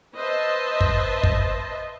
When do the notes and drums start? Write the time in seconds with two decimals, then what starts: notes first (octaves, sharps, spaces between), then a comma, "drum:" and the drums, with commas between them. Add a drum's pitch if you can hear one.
0.16 B4 C5 D#5 E5 A5
0.81 drum: kick
1.23 drum: kick